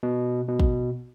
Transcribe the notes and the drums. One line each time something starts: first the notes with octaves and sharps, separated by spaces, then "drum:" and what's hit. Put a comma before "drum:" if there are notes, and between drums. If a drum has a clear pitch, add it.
B2
B2
drum: kick